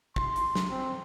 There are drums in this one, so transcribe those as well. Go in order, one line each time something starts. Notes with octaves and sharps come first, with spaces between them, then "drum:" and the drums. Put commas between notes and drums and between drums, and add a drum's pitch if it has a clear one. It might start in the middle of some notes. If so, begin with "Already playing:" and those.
C6, drum: kick
drum: hi-hat
drum: snare
C4